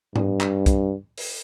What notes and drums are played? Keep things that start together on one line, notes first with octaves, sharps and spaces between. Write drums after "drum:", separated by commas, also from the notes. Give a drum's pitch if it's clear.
G2, drum: tom G#2
drum: clap
drum: kick, hi-hat
drum: open hi-hat